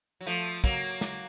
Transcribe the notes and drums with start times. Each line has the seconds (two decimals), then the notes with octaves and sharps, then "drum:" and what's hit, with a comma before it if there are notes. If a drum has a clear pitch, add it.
0.21 F#3
0.26 F3 A3, drum: tambourine
0.64 F#3 A#3, drum: kick, tambourine
0.83 drum: tambourine
1.01 drum: snare